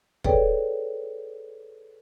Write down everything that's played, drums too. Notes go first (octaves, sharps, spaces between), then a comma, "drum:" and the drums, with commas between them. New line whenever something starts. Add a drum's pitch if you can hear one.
G#4 A4 B4 C#5 D5 G5, drum: kick